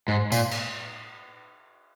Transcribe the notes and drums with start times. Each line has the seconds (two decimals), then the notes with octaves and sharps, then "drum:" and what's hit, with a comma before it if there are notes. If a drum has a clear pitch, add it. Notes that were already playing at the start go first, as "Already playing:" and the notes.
0.08 G#2
0.32 A#2, drum: tambourine
0.51 drum: cymbal